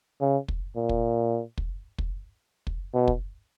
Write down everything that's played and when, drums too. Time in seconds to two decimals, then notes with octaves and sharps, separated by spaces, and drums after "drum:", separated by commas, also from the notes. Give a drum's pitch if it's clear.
0.21 C#3
0.48 drum: kick
0.76 A#2
0.89 drum: kick
1.58 drum: kick
1.98 drum: kick
2.67 drum: kick
2.94 B2
3.08 drum: kick